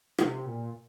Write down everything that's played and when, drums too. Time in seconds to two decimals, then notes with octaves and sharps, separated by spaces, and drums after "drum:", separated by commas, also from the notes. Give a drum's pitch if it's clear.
0.18 C3, drum: rim click
0.46 A#2